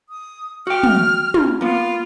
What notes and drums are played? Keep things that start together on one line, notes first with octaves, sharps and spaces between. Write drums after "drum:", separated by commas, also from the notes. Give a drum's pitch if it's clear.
D#6
F#4 G5 F6
drum: tom
drum: tom
A#3 B3 F4